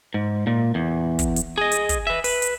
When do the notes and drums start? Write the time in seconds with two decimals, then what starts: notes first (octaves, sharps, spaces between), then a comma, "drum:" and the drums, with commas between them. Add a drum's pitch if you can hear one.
0.14 G#2
0.47 A#2
0.75 E2
1.19 drum: kick, hi-hat
1.36 drum: hi-hat
1.58 G#4 D#5
1.72 drum: hi-hat
1.89 drum: kick, hi-hat
2.07 B4 E5
2.24 B4, drum: open hi-hat
2.42 drum: hi-hat